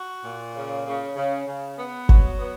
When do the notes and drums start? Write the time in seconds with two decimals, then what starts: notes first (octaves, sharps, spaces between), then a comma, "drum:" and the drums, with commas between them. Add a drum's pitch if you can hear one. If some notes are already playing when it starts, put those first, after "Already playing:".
Already playing: F#4
0.24 A#2
0.55 C#3
0.86 C#3
1.16 C#3
1.47 C#3
1.78 B3
2.09 F#3, drum: kick G1
2.39 B3